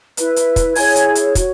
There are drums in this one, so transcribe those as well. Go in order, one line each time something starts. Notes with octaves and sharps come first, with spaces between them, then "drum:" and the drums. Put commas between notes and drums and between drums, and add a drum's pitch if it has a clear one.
E4 B4, drum: hi-hat
drum: hi-hat
drum: kick, hi-hat
E4 G#4 C#5 G#5 G#6, drum: open hi-hat
drum: hi-hat
drum: hi-hat
F#4 C#5, drum: kick, hi-hat